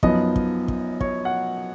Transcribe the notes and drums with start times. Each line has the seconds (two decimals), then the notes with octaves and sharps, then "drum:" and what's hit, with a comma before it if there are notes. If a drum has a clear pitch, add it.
0.03 F#2 F3 B3 D#4 D#5, drum: kick
0.36 drum: kick
0.68 drum: kick
1.01 C#5, drum: kick
1.25 F#5